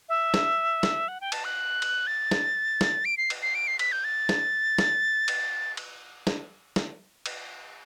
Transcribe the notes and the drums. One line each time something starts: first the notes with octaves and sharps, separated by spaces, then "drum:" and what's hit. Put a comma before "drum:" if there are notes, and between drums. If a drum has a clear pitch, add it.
E5
drum: snare
drum: snare
F#5
G5
A5, drum: cymbal
F#6
drum: cymbal
A6
drum: snare
drum: snare
D7
C7
drum: cymbal
C7
D7
C7
B6, drum: cymbal
G6
A6
drum: snare
drum: snare
drum: cymbal
drum: cymbal
drum: snare
drum: snare
drum: cymbal